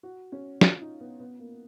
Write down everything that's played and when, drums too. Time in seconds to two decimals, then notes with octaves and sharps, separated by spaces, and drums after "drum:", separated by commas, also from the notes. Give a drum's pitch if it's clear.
0.03 F#4
0.32 C#4
0.61 F4, drum: snare
0.81 D#4
1.00 B3
1.20 B3
1.39 A#3